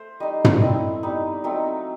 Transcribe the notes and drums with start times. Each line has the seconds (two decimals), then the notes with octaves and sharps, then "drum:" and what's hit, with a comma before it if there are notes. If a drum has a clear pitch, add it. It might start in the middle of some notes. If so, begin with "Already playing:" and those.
Already playing: A3 C5
0.20 G3 D#4 D#5
0.44 drum: tom
0.61 A3 C4 E4 D#5
1.03 G3 B3 D#4
1.44 F#3 A3 C4 D#4